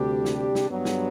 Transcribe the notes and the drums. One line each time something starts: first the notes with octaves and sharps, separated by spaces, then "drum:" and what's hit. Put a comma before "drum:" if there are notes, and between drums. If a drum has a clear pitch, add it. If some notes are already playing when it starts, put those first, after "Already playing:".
Already playing: D2 C3 G3 D4 G4
drum: snare
drum: snare
G2 F#3 B3
drum: snare